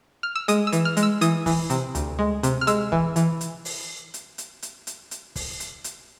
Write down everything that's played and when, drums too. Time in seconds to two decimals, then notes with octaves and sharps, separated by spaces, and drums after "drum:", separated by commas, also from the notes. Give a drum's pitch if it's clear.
0.23 F6
0.35 E6
0.48 G#3 D#6, drum: hi-hat
0.67 E6
0.72 E3, drum: hi-hat
0.85 F6
0.97 G#3, drum: hi-hat
1.03 E6
1.21 E3 D#6, drum: hi-hat
1.46 E3, drum: kick, open hi-hat
1.70 C3, drum: hi-hat
1.95 D2, drum: hi-hat
2.19 G#3
2.43 C3, drum: hi-hat
2.61 F6
2.67 G#3 E6, drum: hi-hat
2.92 E3, drum: kick
3.16 E3, drum: hi-hat
3.41 drum: hi-hat
3.65 drum: open hi-hat
4.14 drum: hi-hat
4.38 drum: hi-hat
4.62 drum: hi-hat
4.87 drum: hi-hat
5.11 drum: hi-hat
5.36 drum: kick, open hi-hat
5.60 drum: hi-hat
5.84 drum: hi-hat